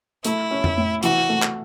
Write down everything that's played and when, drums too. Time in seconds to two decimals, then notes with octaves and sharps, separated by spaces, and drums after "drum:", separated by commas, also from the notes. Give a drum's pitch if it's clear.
0.25 A3 E4, drum: hi-hat
0.51 C#4
0.64 drum: tom F2
0.77 A2
1.03 E3 F#4, drum: hi-hat
1.29 A3
1.42 drum: clap